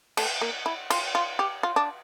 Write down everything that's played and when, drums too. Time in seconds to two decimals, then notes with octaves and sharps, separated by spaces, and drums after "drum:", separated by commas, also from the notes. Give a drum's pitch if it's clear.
0.17 A3, drum: cymbal
0.41 A#3
0.66 E4
0.90 F4, drum: cymbal
1.15 F4
1.39 G4
1.63 F4
1.76 D4